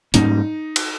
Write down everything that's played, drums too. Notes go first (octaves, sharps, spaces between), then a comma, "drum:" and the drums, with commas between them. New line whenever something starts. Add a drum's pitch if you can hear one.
G#2 G3 A#3 C#4 D#4, drum: hi-hat
drum: cymbal